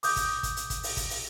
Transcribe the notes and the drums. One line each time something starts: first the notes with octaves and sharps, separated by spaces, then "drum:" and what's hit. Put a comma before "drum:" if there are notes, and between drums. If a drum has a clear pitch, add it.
D6 D#6 G6, drum: open hi-hat
drum: kick, hi-hat
drum: kick, hi-hat
drum: hi-hat
drum: kick, hi-hat
drum: open hi-hat
drum: kick, hi-hat
drum: open hi-hat